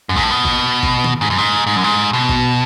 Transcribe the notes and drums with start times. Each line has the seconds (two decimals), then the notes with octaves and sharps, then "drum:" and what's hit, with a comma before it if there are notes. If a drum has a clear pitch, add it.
0.09 F#2
0.16 G#2, drum: kick
0.23 A2
0.31 B2
0.45 drum: kick
0.83 drum: kick
1.04 drum: tom D#3
1.21 G#2
1.30 F#2
1.38 G#2
1.67 G#2
1.76 F#2
1.84 G#2
2.13 B2
2.29 drum: kick